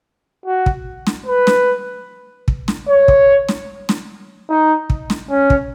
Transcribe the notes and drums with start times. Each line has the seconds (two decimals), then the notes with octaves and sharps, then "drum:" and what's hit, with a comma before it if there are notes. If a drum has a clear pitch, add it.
0.46 F#4
0.66 drum: kick
1.07 drum: snare
1.26 B4
1.47 drum: snare
2.48 drum: kick
2.68 drum: snare
2.88 C#5
3.08 drum: kick
3.48 drum: snare
3.89 drum: snare
4.49 D#4
4.90 drum: kick
5.10 drum: snare
5.30 C#4
5.50 drum: kick